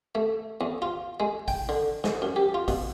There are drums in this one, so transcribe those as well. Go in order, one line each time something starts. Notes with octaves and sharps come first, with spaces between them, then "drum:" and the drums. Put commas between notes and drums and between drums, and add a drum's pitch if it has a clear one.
A3
E2
F4
G#3
G5, drum: kick, open hi-hat
D3
G#2, drum: snare
F#2
G4
F4
B2, drum: kick, open hi-hat